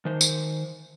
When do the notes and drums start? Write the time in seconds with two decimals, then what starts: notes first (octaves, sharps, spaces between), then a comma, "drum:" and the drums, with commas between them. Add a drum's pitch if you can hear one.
0.05 D#3 C5
0.21 drum: tambourine